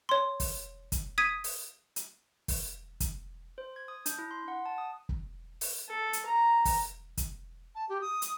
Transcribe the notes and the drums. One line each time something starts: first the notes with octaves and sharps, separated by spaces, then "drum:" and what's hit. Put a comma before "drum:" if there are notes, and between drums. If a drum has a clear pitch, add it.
C#5 C6
drum: kick, open hi-hat
drum: kick, hi-hat
D#6 G#6 B6 D#7
drum: open hi-hat
drum: hi-hat
drum: kick, open hi-hat
drum: kick, hi-hat
C5
G#6
D#6
D4, drum: hi-hat
E4
C6
F#5
A5
D#6
drum: kick
drum: open hi-hat
A4
drum: hi-hat
A#5
drum: kick, open hi-hat
drum: kick, hi-hat
A5
G4
D#6
drum: hi-hat